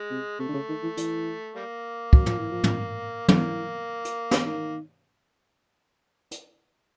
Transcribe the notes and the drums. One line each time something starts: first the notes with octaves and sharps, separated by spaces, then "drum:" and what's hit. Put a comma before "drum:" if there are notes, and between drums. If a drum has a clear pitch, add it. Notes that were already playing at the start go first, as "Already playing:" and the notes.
Already playing: G#3
C3
C3 A3
D3
C#3
D#3
E3
E3, drum: hi-hat
G3 A#3
F#3, drum: kick
F3, drum: tom
E3
F3
drum: tom
E3 A#3, drum: tom
drum: hi-hat
drum: snare
D#3 A#3
drum: hi-hat